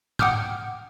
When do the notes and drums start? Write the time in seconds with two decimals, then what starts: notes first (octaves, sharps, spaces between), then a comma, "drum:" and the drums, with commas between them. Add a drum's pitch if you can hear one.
0.19 F#5 G5 D6 D#6 F6 G6, drum: tom G#2